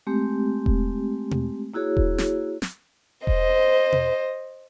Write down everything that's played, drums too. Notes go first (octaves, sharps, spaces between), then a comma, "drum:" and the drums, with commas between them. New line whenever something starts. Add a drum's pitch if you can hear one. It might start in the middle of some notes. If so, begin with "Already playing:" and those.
G#3 A3 C4 G4
drum: kick E1
drum: tom B2
A#3 E4 F#4 G#4 C#5
drum: kick E1
drum: snare
drum: snare
C5 D#5, drum: kick E1
drum: tom B2